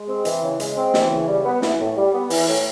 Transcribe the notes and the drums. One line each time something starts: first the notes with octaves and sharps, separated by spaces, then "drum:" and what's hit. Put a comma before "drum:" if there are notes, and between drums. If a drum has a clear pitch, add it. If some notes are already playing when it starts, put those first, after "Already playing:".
Already playing: G#3
C4
E3, drum: hi-hat
C#3
G#3, drum: hi-hat
C4
E3, drum: snare
C#3
G3
B3
E3, drum: snare
A2
G3
B3
E3, drum: open hi-hat
A2